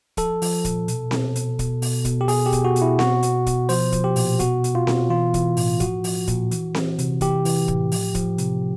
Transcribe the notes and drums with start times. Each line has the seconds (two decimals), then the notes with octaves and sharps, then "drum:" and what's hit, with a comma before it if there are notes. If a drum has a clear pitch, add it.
0.17 F3 A4, drum: kick, hi-hat
0.42 F3, drum: open hi-hat
0.65 A#2, drum: kick, hi-hat
0.88 B2, drum: hi-hat
1.11 B2, drum: snare C4
1.36 B2, drum: hi-hat
1.59 B2, drum: kick, hi-hat
1.82 B2, drum: open hi-hat
2.05 B2, drum: kick, hi-hat
2.21 G4
2.28 B2 G#4, drum: open hi-hat
2.46 G4
2.53 B2, drum: kick, hi-hat
2.65 F#4
2.76 B2, drum: hi-hat
2.82 E4
2.99 B2 F#4, drum: snare C4
3.23 B2, drum: hi-hat
3.46 B2, drum: kick, hi-hat
3.69 F3 C5, drum: open hi-hat
3.92 F3, drum: kick, hi-hat
4.04 G4
4.16 A#2, drum: open hi-hat
4.40 B2 F#4, drum: kick, hi-hat
4.64 B2, drum: hi-hat
4.75 F4
4.87 B2, drum: snare C4
5.10 E3 F4
5.34 E3, drum: kick, hi-hat
5.57 A2, drum: open hi-hat
5.80 F3 F#4, drum: kick, hi-hat
6.04 F3, drum: open hi-hat
6.27 A#2, drum: kick, hi-hat
6.51 E3, drum: hi-hat
6.75 E3, drum: snare C4
6.99 C3, drum: hi-hat
7.21 E3 G4, drum: kick, hi-hat
7.45 E3, drum: open hi-hat
7.68 A2, drum: kick
7.92 F3, drum: open hi-hat
8.15 F3, drum: kick, hi-hat
8.38 C3, drum: hi-hat